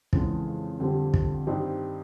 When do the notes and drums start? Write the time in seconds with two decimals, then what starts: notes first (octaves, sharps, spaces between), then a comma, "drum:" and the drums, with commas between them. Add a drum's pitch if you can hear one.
0.13 F2 C#3 E3 G#3 B3, drum: kick
0.80 F2 D3 G3 C4
1.14 drum: kick
1.47 G2 D#3 G3 C4 D#4